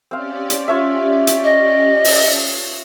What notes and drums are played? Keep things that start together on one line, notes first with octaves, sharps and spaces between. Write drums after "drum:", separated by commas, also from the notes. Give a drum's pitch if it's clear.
C4 C#4 G4 D5 F5
drum: hi-hat
F4 C#5 E5
drum: hi-hat
D#5
drum: open hi-hat